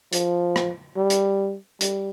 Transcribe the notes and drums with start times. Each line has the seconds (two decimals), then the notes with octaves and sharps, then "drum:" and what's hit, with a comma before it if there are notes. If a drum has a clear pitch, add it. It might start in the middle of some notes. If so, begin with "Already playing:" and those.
0.13 F3, drum: hi-hat
0.56 drum: rim click
0.97 G3
1.10 drum: hi-hat
1.81 G3, drum: hi-hat